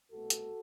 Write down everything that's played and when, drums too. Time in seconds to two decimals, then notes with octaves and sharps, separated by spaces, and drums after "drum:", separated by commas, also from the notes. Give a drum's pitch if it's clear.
0.11 C2 B2 A3 F#4 A4
0.30 drum: hi-hat